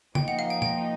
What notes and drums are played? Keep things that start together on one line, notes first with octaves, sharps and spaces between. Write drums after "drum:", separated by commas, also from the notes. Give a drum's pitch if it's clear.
F3 A#3 D#4 G5, drum: tom
F#5
F5
G5
G5, drum: tom